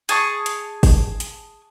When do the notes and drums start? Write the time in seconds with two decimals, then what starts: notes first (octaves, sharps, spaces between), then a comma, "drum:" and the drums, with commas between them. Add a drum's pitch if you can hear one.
0.09 G#4 A5 C#6, drum: hi-hat
0.46 drum: hi-hat
0.83 drum: kick G1, open hi-hat
1.20 drum: hi-hat